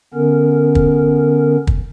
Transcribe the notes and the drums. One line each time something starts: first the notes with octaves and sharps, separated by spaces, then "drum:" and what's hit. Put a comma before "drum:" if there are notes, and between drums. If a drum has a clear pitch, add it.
D3 B3 C#4 A#4
drum: kick
drum: kick